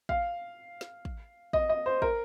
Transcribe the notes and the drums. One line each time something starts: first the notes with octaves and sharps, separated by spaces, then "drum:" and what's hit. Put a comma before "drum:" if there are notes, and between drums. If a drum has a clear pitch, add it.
F5, drum: kick
drum: snare
drum: kick
D#5, drum: kick
D#5
C5
A#4, drum: kick